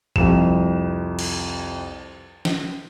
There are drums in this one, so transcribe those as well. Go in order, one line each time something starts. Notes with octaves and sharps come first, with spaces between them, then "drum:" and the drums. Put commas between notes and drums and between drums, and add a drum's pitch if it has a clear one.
C2 F2 E7, drum: kick G#1
drum: cymbal
drum: snare